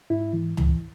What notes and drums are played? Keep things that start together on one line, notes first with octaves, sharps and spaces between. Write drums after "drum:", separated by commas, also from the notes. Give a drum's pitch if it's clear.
G#2 E4
E3
E3, drum: tom C#2